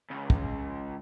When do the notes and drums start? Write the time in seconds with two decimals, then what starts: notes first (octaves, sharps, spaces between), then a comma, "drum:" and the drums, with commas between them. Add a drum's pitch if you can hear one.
0.11 C#2
0.30 drum: kick